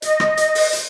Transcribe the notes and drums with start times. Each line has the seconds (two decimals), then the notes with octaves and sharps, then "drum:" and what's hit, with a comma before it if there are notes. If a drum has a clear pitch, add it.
0.02 D#5, drum: hi-hat
0.20 drum: rim click
0.37 drum: hi-hat
0.55 drum: open hi-hat
0.73 drum: hi-hat